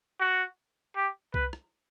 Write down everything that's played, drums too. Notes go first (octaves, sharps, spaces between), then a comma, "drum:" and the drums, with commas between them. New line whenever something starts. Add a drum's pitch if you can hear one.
F#4
G4
B4, drum: kick C2
drum: rim click